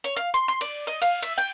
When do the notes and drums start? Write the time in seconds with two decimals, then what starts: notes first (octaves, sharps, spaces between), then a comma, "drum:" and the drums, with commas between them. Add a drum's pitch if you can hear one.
0.04 C#5
0.16 F5
0.34 C6
0.48 C6
0.61 D5, drum: cymbal
0.87 D#5
1.02 F5, drum: cymbal
1.22 E5, drum: cymbal
1.38 G5